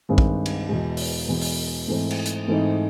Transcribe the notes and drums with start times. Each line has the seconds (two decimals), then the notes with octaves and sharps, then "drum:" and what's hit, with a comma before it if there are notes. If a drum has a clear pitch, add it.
0.09 G2 D#3 G#3 C4
0.18 drum: kick
0.46 drum: cymbal
0.68 E2 B2 G#3
0.97 drum: open hi-hat
1.28 E2 B2 G#3
1.41 drum: open hi-hat
1.88 G#2 E3 A3 C4 D#4
2.11 drum: cymbal
2.26 drum: hi-hat
2.48 G#2 E3 A3 C4 D#4